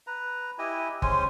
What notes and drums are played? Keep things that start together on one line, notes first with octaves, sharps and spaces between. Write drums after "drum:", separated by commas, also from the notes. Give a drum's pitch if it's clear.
B4 A#5
E4 G4 D#5 G#5
G#3 C#4 C5 G#5, drum: kick G1